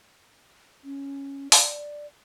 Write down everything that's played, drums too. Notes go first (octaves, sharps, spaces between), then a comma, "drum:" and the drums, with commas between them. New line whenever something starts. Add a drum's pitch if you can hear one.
C#4
D5, drum: open hi-hat